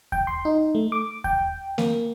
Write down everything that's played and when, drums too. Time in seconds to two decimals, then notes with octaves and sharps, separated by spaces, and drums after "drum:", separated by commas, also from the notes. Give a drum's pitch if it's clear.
0.12 G5, drum: kick D#2
0.27 C6
0.45 D#4
0.75 A3
0.92 D6
1.24 G5, drum: kick D#2
1.78 A#3, drum: snare A#3